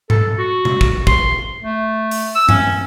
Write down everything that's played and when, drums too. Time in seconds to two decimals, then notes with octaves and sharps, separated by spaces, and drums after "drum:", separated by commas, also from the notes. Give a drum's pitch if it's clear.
0.10 A4, drum: tom G#2
0.38 F#4
0.65 drum: tom B2
0.81 drum: kick
1.07 C6, drum: kick
1.62 A3
2.11 drum: open hi-hat
2.35 E6
2.49 C#4, drum: tom G2